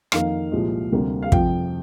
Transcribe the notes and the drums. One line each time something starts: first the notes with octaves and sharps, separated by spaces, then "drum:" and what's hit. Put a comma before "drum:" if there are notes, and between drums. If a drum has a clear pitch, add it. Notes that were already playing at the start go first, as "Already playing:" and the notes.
F2 D#3 A#3 F5, drum: rim click
C2 A#2 F3 G#3
D2 C3 G3 A#3
F5
F2 C3 F3 G5, drum: kick